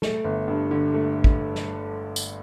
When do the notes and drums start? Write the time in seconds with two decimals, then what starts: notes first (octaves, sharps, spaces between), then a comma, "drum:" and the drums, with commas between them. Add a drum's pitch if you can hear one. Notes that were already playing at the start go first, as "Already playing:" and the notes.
0.02 A3, drum: snare
0.24 G1
0.48 G2
0.71 D3
0.94 A3
1.24 drum: kick
1.55 drum: snare
2.16 drum: tambourine